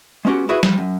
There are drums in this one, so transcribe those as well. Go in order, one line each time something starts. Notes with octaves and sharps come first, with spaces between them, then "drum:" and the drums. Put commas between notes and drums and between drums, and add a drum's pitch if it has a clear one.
G#3 B3 C#4 F#4 G4
E4 F#4 G#4 B4
F3 G3, drum: snare
F#2